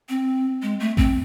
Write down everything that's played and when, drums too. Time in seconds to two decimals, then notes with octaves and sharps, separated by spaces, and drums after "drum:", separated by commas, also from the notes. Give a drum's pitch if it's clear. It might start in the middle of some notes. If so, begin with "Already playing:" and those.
0.09 C4
0.62 G#3
0.80 A3
0.97 C4, drum: kick A1